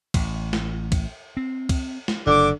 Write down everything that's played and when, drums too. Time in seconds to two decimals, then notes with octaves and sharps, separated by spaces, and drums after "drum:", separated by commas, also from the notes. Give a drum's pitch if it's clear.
0.14 A1, drum: kick, cymbal
0.53 drum: snare
0.92 drum: kick, cymbal
1.37 C4
1.69 drum: kick, cymbal
2.08 drum: snare
2.27 F#1 D3 D6